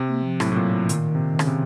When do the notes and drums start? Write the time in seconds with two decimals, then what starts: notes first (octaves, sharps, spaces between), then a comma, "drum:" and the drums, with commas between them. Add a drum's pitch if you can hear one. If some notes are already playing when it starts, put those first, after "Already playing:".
Already playing: C3
0.08 A#3
0.25 F3
0.40 A2 F#3, drum: rim click
0.52 A2
0.56 A#2
0.73 A2
0.85 F3
0.89 A#2 D#3, drum: hi-hat
1.15 C3
1.39 C#3, drum: rim click
1.47 C3